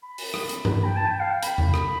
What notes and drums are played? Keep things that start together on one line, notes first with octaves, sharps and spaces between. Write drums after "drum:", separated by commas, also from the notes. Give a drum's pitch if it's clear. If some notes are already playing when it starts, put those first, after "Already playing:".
B5
drum: open hi-hat
drum: rim click
drum: hi-hat
drum: tom G2
G5
A5
G5
F5
G5
B5, drum: hi-hat
drum: tom E2
drum: rim click